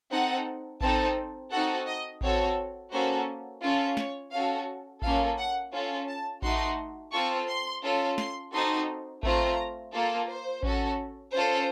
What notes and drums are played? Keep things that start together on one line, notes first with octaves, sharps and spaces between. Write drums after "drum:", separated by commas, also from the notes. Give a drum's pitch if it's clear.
C4 D#4 A4 F#5
C4 D#4 A4 A5, drum: kick A1
C4 D#4 F#4 A4 F#5
D#5
C4 F#4 A4 C#5, drum: kick A1
A#3 C#4 F#4 A4 C5
C#4 F4 A4
C#5, drum: snare
C#4 F#4 A4 F5
A#3 C#4 F4 A4 F5, drum: kick A1
F#5
C#4 F4 A4
A5
A3 D#4 F#4 C6, drum: kick A1
C4 F4 A4 C#6
C6
C#4 F4 A4
C6, drum: snare
C4 D#4 F#4 A4 C6
A3 C4 F4 A#5, drum: kick A1
A#3 F4 A4
C5
C#4 F#4 A4, drum: kick A1
C#4 F4 A4 C5